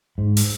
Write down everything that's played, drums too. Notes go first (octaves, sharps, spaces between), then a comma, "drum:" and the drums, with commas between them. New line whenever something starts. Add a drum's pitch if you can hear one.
G#2
drum: open hi-hat